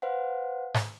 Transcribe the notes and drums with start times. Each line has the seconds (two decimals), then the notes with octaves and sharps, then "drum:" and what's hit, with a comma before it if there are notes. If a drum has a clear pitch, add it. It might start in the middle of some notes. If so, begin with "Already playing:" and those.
0.02 B4 C5 F5 F#5
0.75 drum: snare G#2